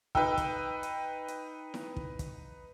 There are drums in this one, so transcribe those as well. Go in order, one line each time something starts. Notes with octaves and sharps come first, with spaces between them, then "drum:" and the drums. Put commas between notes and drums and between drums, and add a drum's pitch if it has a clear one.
D#4 B4 G5 E6, drum: kick
drum: kick, hi-hat
drum: hi-hat
drum: hi-hat
drum: snare E4
drum: kick
drum: kick, hi-hat